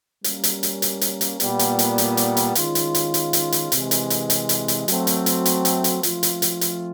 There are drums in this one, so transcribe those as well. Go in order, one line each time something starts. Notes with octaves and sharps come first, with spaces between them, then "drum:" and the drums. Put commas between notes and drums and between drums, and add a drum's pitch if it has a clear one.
G3 A#3 C#4, drum: hi-hat
drum: hi-hat
drum: hi-hat
drum: hi-hat
drum: hi-hat
drum: hi-hat
A#2 G3 B3, drum: hi-hat
drum: hi-hat
drum: hi-hat
drum: hi-hat
drum: hi-hat
drum: hi-hat
D#3 G#3 C#4 F4, drum: hi-hat
drum: hi-hat
drum: hi-hat
drum: hi-hat
drum: hi-hat
drum: hi-hat
C3 E3 G#3, drum: hi-hat
drum: hi-hat
drum: hi-hat
drum: hi-hat
drum: hi-hat
drum: hi-hat
F#3 A3 C4, drum: hi-hat
drum: hi-hat
drum: hi-hat
drum: hi-hat
drum: hi-hat
drum: hi-hat
F3 A3 C4 F4, drum: hi-hat
drum: hi-hat
drum: hi-hat
drum: hi-hat